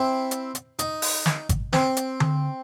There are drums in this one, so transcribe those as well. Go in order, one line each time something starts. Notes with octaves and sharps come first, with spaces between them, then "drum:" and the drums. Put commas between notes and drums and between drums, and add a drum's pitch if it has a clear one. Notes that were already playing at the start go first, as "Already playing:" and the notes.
Already playing: C4 E4
drum: hi-hat
drum: hi-hat
D#4, drum: hi-hat
drum: open hi-hat
drum: snare
drum: kick G#1, hi-hat
C4, drum: snare
drum: hi-hat
drum: tom D3